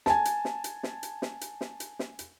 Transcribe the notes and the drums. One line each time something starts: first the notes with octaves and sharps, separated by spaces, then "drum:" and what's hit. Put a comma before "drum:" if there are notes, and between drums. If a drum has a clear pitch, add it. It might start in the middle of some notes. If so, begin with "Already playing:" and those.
G#5 A5, drum: snare
drum: hi-hat
drum: snare
drum: hi-hat
drum: snare
drum: hi-hat
drum: snare
drum: hi-hat
drum: snare
drum: hi-hat
drum: snare
drum: hi-hat